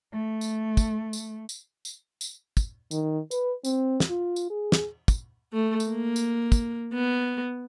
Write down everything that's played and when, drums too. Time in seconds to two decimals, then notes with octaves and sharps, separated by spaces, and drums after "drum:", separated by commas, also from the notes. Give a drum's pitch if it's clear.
0.13 A3
0.41 drum: tambourine
0.77 drum: kick, tambourine
1.13 drum: tambourine
1.49 drum: tambourine
1.85 drum: tambourine
2.21 drum: tambourine
2.57 drum: kick, tambourine
2.91 D#3, drum: tambourine
3.31 B4, drum: tambourine
3.64 C4, drum: tambourine
4.00 drum: snare
4.10 F4
4.36 drum: tambourine
4.50 G#4
4.72 drum: snare
5.08 drum: kick, tambourine
5.53 A3
5.80 drum: tambourine
5.89 A#3
6.16 drum: tambourine
6.52 drum: kick, tambourine
6.93 B3